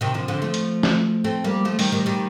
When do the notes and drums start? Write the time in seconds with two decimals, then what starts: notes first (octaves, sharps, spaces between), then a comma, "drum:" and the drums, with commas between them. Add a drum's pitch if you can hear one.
0.01 C3 D#3
0.14 D3 F3
0.28 D3 F3
0.42 F3 A3
0.54 drum: hi-hat
0.83 drum: snare
1.24 A3 C4
1.44 G3 A#3
1.65 F3 A3
1.79 D#3 G3, drum: open hi-hat
1.92 D#3 G3
2.06 D#3 G3